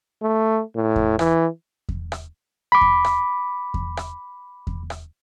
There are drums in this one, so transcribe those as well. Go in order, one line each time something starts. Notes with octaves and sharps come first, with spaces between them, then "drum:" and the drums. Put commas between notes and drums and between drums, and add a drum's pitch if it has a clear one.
A3
A2
drum: kick E2
E3, drum: rim click
drum: kick E2
drum: rim click
B5 D6
drum: kick E2
drum: rim click
drum: kick E2
drum: rim click
drum: kick E2
drum: rim click